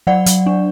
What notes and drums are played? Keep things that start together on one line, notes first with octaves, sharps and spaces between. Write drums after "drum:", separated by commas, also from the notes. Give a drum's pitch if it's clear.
F#3 D5 F#5
F#3, drum: hi-hat
D4